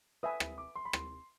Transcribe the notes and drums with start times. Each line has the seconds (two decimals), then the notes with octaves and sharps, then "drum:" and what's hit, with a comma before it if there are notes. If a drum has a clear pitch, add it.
0.23 B4 E5 G#5 D#6
0.40 drum: rim click
0.58 D6
0.75 C6
0.85 B5
0.93 C6, drum: rim click